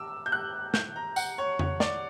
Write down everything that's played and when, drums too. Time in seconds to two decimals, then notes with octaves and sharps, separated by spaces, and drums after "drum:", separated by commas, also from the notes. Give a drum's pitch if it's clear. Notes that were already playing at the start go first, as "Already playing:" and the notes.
Already playing: D6 E6
0.26 G6
0.32 F#6
0.74 G6, drum: snare
0.96 A#5
1.16 F#5, drum: tambourine
1.38 C#5
1.59 C#5, drum: tom F2
1.80 D5, drum: snare